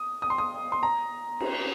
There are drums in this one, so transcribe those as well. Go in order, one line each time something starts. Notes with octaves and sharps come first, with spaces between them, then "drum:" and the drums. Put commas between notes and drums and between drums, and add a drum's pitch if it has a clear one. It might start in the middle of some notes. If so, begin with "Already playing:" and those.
Already playing: D#6
D#6
C6
D#6
C6
A#5
drum: cymbal